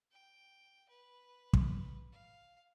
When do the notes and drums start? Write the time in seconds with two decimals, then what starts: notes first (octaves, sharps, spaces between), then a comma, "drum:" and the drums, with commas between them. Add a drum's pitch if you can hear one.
0.12 G5
0.89 B4
1.53 drum: kick
2.12 F5